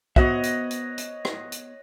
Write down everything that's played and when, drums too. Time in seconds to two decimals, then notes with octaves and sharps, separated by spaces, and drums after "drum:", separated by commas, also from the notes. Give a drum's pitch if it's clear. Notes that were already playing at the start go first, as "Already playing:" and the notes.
0.16 B3 F#4 C5 C#5 D#5 E5 F#5, drum: kick
0.43 drum: hi-hat
0.71 drum: hi-hat
0.98 drum: hi-hat
1.25 drum: rim click
1.52 drum: hi-hat